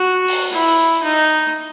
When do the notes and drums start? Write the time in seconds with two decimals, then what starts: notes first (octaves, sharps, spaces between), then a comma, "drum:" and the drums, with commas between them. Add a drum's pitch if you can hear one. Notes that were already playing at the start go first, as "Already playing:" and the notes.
Already playing: F#4
0.28 drum: open hi-hat
0.52 E4
1.03 D#4